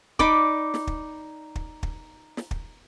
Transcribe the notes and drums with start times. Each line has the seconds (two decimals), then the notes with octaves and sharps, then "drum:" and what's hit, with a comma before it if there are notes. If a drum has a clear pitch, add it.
0.19 D#4 D5 B5 D6, drum: kick
0.74 drum: snare
0.87 drum: kick
1.55 drum: kick
1.83 drum: kick
2.37 drum: snare
2.51 drum: kick